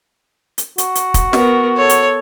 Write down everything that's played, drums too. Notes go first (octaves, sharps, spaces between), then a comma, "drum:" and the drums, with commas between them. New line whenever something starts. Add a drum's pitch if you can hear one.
drum: hi-hat
F#4, drum: hi-hat
drum: hi-hat
drum: kick, hi-hat
B3 A#4, drum: snare
A4 C#5
drum: hi-hat